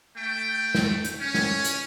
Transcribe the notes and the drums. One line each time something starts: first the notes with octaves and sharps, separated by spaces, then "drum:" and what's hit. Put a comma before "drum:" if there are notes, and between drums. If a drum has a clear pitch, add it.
A3 G5
drum: snare
drum: hi-hat
C#4
drum: snare
drum: hi-hat